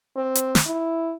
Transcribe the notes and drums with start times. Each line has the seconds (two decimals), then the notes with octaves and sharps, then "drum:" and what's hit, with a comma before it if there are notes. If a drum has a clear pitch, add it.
0.16 C4
0.35 drum: hi-hat
0.55 drum: snare
0.66 E4